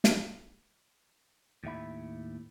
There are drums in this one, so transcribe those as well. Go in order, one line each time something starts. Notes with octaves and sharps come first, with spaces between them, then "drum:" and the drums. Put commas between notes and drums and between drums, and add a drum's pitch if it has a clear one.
drum: snare
D#2 A2 E5 B5